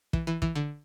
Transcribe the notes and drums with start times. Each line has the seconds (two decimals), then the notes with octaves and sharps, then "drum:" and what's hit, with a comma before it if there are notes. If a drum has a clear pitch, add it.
0.13 E3, drum: kick
0.27 E3
0.42 E3, drum: kick
0.55 D3